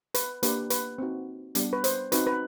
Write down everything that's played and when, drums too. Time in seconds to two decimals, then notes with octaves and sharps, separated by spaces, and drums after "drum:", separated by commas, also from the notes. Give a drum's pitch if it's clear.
0.15 B4, drum: hi-hat
0.43 A#3 D4 G4 B4, drum: hi-hat
0.70 B4, drum: hi-hat
0.98 C4 D#4 F#4
1.55 G3 B3 D4, drum: hi-hat
1.73 B4
1.84 C5, drum: hi-hat
2.12 C4 D#4 F#4 B4, drum: hi-hat
2.27 B4